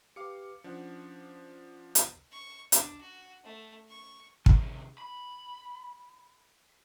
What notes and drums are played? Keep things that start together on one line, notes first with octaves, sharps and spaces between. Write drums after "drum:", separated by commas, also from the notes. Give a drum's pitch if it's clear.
G4 B4 F5 D6 C#7
F3 C#4 D4 F#5
drum: hi-hat
C#6
D4, drum: hi-hat
F#4
A3
C#6
C3 D#3, drum: kick
B5